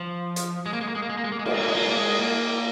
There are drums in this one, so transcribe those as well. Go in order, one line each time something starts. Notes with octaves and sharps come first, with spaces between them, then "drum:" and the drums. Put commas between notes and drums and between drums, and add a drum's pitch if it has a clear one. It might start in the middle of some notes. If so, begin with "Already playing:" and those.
Already playing: F3
drum: hi-hat
G#3
A#3
G#3
A#3
G#3
A#3
G#3
A#3
G#3
A#3
G#3
A#3, drum: cymbal
G#3
A#3
G#3
A#3
G#3
A#3
G#3
A#3